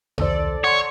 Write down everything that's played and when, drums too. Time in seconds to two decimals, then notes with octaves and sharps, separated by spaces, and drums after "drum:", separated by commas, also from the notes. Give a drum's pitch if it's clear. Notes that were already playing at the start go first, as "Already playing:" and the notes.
0.18 C2 D#3 A4 C5 D5, drum: tom E2
0.64 C#5 F#5 C6